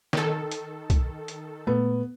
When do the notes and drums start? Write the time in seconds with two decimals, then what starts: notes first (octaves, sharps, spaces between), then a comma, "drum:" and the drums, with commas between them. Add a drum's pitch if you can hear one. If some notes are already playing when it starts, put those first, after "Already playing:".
0.13 D#3 A4, drum: snare
0.51 drum: hi-hat
0.90 drum: kick B1, hi-hat
1.28 drum: hi-hat
1.67 A#2 A3 B3